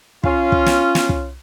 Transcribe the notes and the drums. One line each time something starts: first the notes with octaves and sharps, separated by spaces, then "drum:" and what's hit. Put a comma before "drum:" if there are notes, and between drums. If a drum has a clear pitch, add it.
C#4 F4, drum: kick
drum: kick
drum: snare
drum: snare
drum: kick